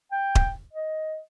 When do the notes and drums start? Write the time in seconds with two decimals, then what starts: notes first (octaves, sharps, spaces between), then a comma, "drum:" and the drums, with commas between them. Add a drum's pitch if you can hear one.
0.12 G5
0.35 drum: kick D#1
0.73 D#5